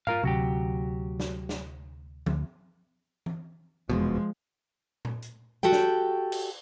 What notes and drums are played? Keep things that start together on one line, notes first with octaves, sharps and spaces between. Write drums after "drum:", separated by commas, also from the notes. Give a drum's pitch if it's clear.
F4 A#4 F5, drum: tom G#2
D2 C3 F#3 F#4 G4
drum: snare
drum: snare
D2, drum: tom F3
drum: tom E3
F1 E2 B2 F3 G#3
drum: tom A#2
drum: hi-hat
F#4 G4 A4 G5
drum: snare
drum: cymbal